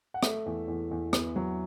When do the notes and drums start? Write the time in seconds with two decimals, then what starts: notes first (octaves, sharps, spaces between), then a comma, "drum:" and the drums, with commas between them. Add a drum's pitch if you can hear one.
0.14 F#5
0.23 A3 E5, drum: rim click
0.46 E2
0.68 E2
0.91 E2
1.13 B3, drum: rim click
1.36 F#3